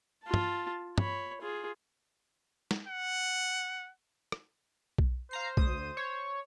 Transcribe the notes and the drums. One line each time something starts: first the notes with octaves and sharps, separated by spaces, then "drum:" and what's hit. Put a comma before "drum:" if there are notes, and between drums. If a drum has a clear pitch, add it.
F4 A5
drum: tom
C#5 B5, drum: tom
F4 G#4
drum: snare
F#5
drum: rim click
drum: kick B1
C5 F5 A#5 C7
D2 D#6, drum: kick B1
C#5